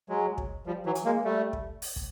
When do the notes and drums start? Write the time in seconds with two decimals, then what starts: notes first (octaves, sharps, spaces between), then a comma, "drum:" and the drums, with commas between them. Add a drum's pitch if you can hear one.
0.09 F#3 G#3
0.38 drum: kick
0.66 F3 G3
0.86 E3 F#3
0.95 drum: hi-hat
1.05 G#3 A#3
1.24 G3 A3
1.53 drum: kick
1.82 drum: open hi-hat
1.96 drum: kick